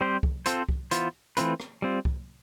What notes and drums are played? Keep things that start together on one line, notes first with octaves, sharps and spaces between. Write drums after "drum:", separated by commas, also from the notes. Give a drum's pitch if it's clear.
G3 C4 G4 C5
drum: kick C2
C4 F4 A4 C5, drum: hi-hat
drum: kick C2
E3 B3 F4 C5, drum: hi-hat
E3 A3 C4 F4 B4, drum: hi-hat
drum: rim click
G3 C4 F4
drum: kick C2